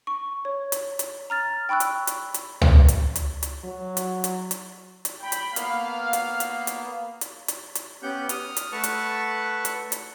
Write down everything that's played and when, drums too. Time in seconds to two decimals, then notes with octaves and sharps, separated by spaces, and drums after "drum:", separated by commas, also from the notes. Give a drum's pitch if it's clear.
0.07 C#6
0.45 C#5
0.72 drum: hi-hat
0.99 drum: hi-hat
1.30 A#5 F6 A6
1.69 G5 B5 C#6 E6 F#6
1.80 drum: hi-hat
2.07 drum: hi-hat
2.34 drum: hi-hat
2.61 drum: tom C#2
2.88 drum: hi-hat
3.16 drum: hi-hat
3.43 drum: hi-hat
3.64 F#3
3.97 drum: hi-hat
4.24 drum: hi-hat
4.51 drum: hi-hat
5.05 drum: hi-hat
5.22 G5 B5
5.32 drum: hi-hat
5.56 A#3 B3 F5, drum: hi-hat
6.13 drum: hi-hat
6.40 drum: hi-hat
6.67 drum: hi-hat
7.21 drum: hi-hat
7.48 drum: hi-hat
7.75 drum: hi-hat
8.03 B3 C#4 G4 F#5 G6
8.29 D#6 F6, drum: hi-hat
8.57 drum: hi-hat
8.72 A3 B4 F#5 A5 C#6
8.84 drum: hi-hat
9.65 drum: hi-hat
9.92 drum: hi-hat